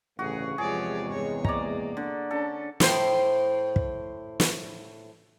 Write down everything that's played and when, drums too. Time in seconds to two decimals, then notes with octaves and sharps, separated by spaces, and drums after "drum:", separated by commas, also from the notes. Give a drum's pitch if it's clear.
0.19 A1 D2 G2 C#3 F#4 G#4
0.58 E2 C3 F3 G#3 G#4 C#5 D5
1.05 G2 C#5
1.44 A#3 D5 A#5, drum: kick
1.97 D3
2.31 C#4 D4 A4
2.80 A2 C5, drum: snare
3.76 drum: kick
4.40 drum: snare